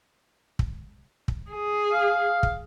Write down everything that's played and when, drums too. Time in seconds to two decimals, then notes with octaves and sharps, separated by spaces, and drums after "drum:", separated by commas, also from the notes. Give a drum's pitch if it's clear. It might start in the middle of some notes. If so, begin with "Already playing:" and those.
0.59 drum: kick
1.28 drum: kick
1.51 G#4
1.93 F5
2.43 drum: kick